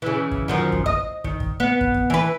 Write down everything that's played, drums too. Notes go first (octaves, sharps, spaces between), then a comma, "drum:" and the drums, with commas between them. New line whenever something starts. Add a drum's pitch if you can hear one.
C#3 E3
drum: kick
F#2 D#3 F3
drum: kick
D#5, drum: kick
D#3, drum: kick
drum: kick
B3
drum: kick
drum: kick
E3 B4